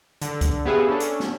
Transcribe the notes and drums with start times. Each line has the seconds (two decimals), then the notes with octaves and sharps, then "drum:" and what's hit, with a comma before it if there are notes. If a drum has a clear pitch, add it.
0.22 D3, drum: hi-hat
0.41 drum: kick, hi-hat
0.66 B3 G4 G#4 B4 E5 F5
0.88 C#4 D4 A4
1.00 drum: hi-hat
1.20 drum: snare